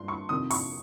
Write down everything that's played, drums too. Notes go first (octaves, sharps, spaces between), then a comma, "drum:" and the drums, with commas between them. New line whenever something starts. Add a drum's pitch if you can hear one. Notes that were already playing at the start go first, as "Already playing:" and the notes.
Already playing: G2 C6
C#6
F2 C3 D#3 D#6
C#6, drum: open hi-hat